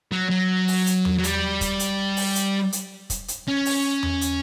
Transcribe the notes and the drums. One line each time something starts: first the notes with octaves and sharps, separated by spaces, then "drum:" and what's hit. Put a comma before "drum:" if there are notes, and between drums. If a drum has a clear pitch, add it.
F#3
F#3
drum: open hi-hat
drum: hi-hat
drum: tom E2
F#3
G3, drum: hi-hat
drum: kick, hi-hat
drum: hi-hat
drum: open hi-hat
drum: hi-hat
drum: hi-hat
drum: kick, hi-hat
drum: hi-hat
C#4
drum: open hi-hat
drum: tom E2
drum: hi-hat